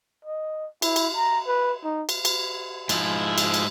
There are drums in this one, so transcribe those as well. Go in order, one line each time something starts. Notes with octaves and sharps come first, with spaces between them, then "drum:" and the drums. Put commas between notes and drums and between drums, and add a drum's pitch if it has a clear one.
D#5
E4, drum: cymbal
drum: cymbal
A#5
B4
D#4
drum: cymbal
drum: cymbal
G#2 F3 G#3 E4 F4, drum: cymbal
drum: cymbal
drum: cymbal